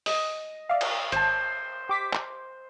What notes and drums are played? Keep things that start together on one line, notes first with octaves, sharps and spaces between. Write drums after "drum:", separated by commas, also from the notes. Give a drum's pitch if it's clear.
D#5, drum: open hi-hat
D5 E5 F5
drum: cymbal
G#1 C5 A5, drum: hi-hat
G4 D6 B6
drum: clap